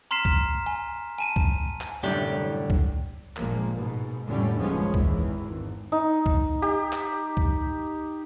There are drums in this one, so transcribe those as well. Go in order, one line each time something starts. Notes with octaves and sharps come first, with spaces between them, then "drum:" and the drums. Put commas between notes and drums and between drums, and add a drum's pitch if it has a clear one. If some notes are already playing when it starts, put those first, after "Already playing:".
A#5 C6 F6 B6 C7 E7
drum: kick C#2
G#5
G#5 A5 D#7
drum: kick C#2
drum: clap
C2 F#2 A2 D3 G3 G4
drum: kick C#2
G1 A#2 F3 G#3 A#3, drum: clap
G#2 B2
F2 A2 D3 G3 A3 C#4
F#1 D#2 F3 G#3 B3 C#4
G#1 E2 E3, drum: kick C#2
G#1
D#4
drum: kick C#2
G4
drum: clap
drum: kick C#2